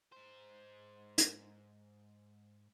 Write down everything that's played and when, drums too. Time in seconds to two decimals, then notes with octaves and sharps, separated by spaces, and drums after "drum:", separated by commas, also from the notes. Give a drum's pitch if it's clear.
0.12 G#2 C5
1.18 drum: hi-hat